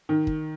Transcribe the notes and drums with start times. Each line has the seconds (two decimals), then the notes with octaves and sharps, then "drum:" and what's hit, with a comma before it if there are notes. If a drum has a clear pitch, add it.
0.09 D#3
0.27 drum: kick